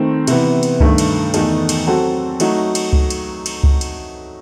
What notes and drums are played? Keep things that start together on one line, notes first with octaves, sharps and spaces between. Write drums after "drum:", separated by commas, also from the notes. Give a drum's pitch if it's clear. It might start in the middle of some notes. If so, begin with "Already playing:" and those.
Already playing: D#3 A3 C4
C3 E3 B3, drum: cymbal
drum: cymbal
G2 D#3 A3, drum: kick C#2
drum: cymbal
E2 D#3 A3 D#4 A4, drum: cymbal
drum: cymbal
F#3 C4 F#4 A4
F#3 A3 D#4 F#4, drum: cymbal
drum: cymbal
drum: kick C#2
drum: cymbal
drum: cymbal
drum: kick C#2
drum: cymbal